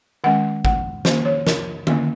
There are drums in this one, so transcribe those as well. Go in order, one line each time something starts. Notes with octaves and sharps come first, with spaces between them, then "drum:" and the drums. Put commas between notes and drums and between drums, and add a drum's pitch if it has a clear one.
D#3 G#3 C#4 F#5
F#5, drum: kick G#1
D#3 A#3 C#4 C5, drum: snare
C#5
A#4, drum: snare
D#3 A#3 C#4, drum: tom D3